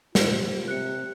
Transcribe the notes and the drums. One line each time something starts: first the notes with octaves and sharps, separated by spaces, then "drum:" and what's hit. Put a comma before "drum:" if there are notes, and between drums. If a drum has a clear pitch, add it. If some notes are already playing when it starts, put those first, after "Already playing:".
F4 G4 C5, drum: snare
C3 F#6 C#7